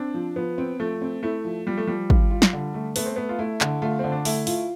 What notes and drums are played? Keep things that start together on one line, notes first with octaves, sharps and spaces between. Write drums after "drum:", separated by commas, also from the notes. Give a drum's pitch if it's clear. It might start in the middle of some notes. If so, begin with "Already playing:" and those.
Already playing: C4 D4
F3
F3 B3
C4
F3 A3
C4
A3 E4
F3
F3 G3
A3
F3 G3
F4, drum: kick
F4
drum: snare
D3
A3
A3 B3, drum: open hi-hat
C4
A3 B3
F4
A3 E4
D3, drum: clap
A3 F4
D3 C4
D4
A3 E4, drum: open hi-hat
F4, drum: open hi-hat